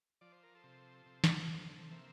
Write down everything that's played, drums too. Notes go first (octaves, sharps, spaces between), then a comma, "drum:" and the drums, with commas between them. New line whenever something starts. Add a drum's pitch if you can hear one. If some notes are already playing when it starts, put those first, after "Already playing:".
F3 D5
C5
A#4
A4 C5
C3
C3
drum: snare
C3
A#3 C5 E5